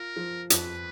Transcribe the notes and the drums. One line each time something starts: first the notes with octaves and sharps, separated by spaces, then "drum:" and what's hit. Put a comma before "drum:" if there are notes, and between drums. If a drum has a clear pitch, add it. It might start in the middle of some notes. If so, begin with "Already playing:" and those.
Already playing: F4 A#4
F3
F2 B4, drum: hi-hat